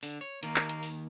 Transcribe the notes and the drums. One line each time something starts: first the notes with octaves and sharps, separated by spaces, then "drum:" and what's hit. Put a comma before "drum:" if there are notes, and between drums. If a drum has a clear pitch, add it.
D3, drum: open hi-hat
C#5
D#2 D#3 A#3, drum: hi-hat
drum: clap
drum: hi-hat
drum: open hi-hat